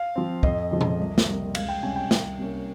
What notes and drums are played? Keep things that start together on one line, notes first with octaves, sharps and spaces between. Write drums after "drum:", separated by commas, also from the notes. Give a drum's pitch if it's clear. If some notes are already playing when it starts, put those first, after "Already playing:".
Already playing: F5
F3 C4
F2 D#5, drum: kick
C#3 F3 G#3
drum: tom A#2
C2
drum: snare
C3 G3 A#3
C#2 F5, drum: cymbal
G5
C3 G3 C#4 G#5
G5
C2, drum: snare
C3 G3 A#3 C#4